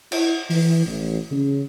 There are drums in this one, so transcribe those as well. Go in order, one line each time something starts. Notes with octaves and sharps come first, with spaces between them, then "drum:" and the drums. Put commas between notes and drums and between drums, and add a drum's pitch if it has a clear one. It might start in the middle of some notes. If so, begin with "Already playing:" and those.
E4, drum: cymbal
E3, drum: open hi-hat
A1
C#3